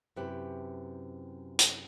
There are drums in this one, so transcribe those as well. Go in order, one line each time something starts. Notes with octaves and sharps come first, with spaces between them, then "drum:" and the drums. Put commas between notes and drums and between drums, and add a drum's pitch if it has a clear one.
F#2 C3 E4 G4 B4
drum: hi-hat